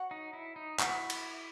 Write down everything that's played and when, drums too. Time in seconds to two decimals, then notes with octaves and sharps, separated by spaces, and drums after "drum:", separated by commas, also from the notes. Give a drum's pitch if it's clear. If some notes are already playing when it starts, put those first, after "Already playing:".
Already playing: F#4 C#5 F#5
0.11 D#4
0.33 E4
0.56 D#4
0.79 E4 F#4 B4 F#5 C#6, drum: clap
1.10 drum: cymbal